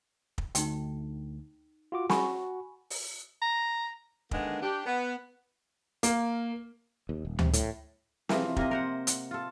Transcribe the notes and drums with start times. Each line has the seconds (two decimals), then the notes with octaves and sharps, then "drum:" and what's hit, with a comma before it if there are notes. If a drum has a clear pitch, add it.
0.38 drum: kick
0.55 D2 D#4 G5, drum: hi-hat
1.92 F4 F#4 D6
2.09 F#4 G#5 B5 C#6, drum: snare
2.90 drum: open hi-hat
3.41 A#5
4.31 D3 D#3 G#3 A#3 B3 D4, drum: kick
4.62 D4 G4
4.86 B3
6.03 A#3, drum: hi-hat
7.09 D#2
7.25 D#1
7.39 C3, drum: tom D2
7.53 A2, drum: hi-hat
8.29 C3 E3 F3, drum: snare
8.56 C3 A#3 D#5, drum: kick
8.71 A#4 C5 F#5
9.07 F#5, drum: hi-hat
9.31 F4 A4